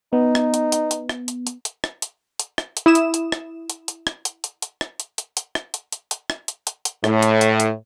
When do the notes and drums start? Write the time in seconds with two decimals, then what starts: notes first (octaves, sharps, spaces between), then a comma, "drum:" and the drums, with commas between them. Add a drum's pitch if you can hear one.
0.13 B3 D#4
0.35 drum: rim click
0.54 drum: hi-hat
0.72 drum: hi-hat
0.91 drum: hi-hat
1.09 drum: rim click
1.28 drum: hi-hat
1.47 drum: hi-hat
1.65 drum: hi-hat
1.84 drum: rim click
2.02 drum: hi-hat
2.39 drum: hi-hat
2.58 drum: rim click
2.77 drum: hi-hat
2.86 E4 D#6 E7
2.95 drum: hi-hat
3.14 drum: hi-hat
3.32 drum: rim click
3.70 drum: hi-hat
3.88 drum: hi-hat
4.07 drum: rim click
4.25 drum: hi-hat
4.44 drum: hi-hat
4.62 drum: hi-hat
4.81 drum: rim click
5.00 drum: hi-hat
5.18 drum: hi-hat
5.37 drum: hi-hat
5.55 drum: rim click
5.74 drum: hi-hat
5.92 drum: hi-hat
6.11 drum: hi-hat
6.30 drum: rim click
6.48 drum: hi-hat
6.67 drum: hi-hat
6.85 drum: hi-hat
7.04 A2, drum: rim click
7.23 drum: hi-hat
7.41 drum: hi-hat
7.60 drum: hi-hat